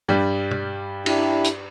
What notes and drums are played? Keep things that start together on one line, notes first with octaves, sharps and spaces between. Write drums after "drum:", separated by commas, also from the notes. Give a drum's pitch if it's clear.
G2 G3
drum: tom
D4 E4 G4, drum: cymbal
drum: hi-hat